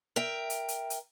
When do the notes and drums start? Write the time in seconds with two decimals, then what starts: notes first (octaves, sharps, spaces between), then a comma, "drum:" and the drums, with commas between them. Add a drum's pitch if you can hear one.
0.16 A#4 E5 G5
0.50 drum: hi-hat
0.68 drum: hi-hat
0.90 drum: hi-hat